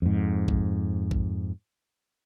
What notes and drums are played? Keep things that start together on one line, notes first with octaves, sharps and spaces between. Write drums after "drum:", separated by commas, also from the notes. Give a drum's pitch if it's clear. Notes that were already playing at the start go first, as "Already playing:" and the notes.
F2 G#2
drum: kick A#1
drum: kick A#1